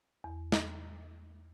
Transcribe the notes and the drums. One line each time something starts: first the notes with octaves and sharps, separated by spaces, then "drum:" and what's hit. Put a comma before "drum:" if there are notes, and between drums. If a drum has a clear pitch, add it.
E2
drum: snare